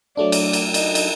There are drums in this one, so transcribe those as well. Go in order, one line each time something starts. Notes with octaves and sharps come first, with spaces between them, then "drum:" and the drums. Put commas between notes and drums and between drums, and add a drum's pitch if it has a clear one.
F#3 A3 D4 D5
drum: cymbal
drum: cymbal
D#4, drum: cymbal
drum: cymbal